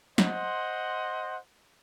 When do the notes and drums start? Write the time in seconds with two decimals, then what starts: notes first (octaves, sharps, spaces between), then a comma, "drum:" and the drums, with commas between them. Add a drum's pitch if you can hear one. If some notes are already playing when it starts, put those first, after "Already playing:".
0.18 C5 D#5 F#5 C6, drum: snare